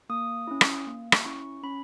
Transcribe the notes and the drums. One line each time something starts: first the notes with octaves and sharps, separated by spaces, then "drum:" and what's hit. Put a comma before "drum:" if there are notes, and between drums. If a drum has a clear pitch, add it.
A#3 D#6
C#4 E4
drum: rim click
A#3
drum: rim click
C#4 E4 C#6
C#4 B5